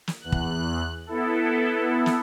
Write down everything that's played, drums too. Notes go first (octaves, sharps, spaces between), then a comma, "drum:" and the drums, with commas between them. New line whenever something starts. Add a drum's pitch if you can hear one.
drum: snare
E2 F#6
drum: kick
B3 E4 A4
drum: snare